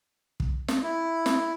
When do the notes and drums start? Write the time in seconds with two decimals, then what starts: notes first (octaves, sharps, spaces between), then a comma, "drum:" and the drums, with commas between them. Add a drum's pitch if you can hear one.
0.40 drum: kick
0.68 drum: snare
0.83 E4
1.26 drum: snare